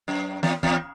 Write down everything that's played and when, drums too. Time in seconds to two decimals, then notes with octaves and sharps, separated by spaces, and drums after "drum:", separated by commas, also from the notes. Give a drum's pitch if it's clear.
0.08 F#2
0.43 E2, drum: snare
0.63 E2, drum: kick